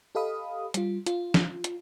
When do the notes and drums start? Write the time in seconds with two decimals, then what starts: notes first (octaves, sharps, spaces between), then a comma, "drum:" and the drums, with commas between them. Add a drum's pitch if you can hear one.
0.15 G4 A4 D#5 F5 B5 D#6
0.74 G3 F4, drum: hi-hat
1.06 F4, drum: hi-hat
1.34 drum: snare
1.64 drum: hi-hat